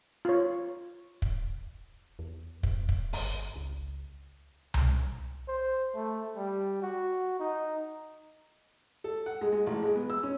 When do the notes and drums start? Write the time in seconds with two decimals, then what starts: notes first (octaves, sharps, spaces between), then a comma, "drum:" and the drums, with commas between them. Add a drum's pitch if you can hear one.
0.25 F4 C#5
1.22 drum: kick
2.19 E2
2.63 F2, drum: kick
2.89 drum: kick
3.13 G1, drum: open hi-hat
3.56 C#2
4.74 drum: tom C2
5.48 C5
5.95 A3
6.36 G3
6.83 F#4
7.39 D#4
9.04 A4
9.26 F#5
9.41 G#3
9.53 G#3
9.66 A1
9.83 G#3
9.95 B3
10.10 E6
10.23 C#4